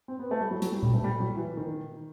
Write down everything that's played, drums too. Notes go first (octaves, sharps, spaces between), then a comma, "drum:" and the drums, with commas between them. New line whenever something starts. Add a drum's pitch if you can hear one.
C4
B3
A3
G3
F#3
F#3, drum: hi-hat
G3
G3, drum: tom A#2
A3
G3
F#3
E3
D#3